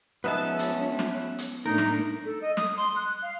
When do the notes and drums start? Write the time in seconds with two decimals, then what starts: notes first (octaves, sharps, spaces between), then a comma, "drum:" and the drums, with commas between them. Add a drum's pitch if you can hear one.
0.24 F3 G#3 B3 C#4 D#4 B4 E5 A5
0.59 drum: hi-hat
0.99 drum: snare
1.38 drum: hi-hat
1.66 A2 A3 D4 D#4 A#4
1.78 drum: snare
2.25 A4
2.42 D#5
2.57 D#6, drum: snare
2.77 C6
2.96 F#6
3.23 F5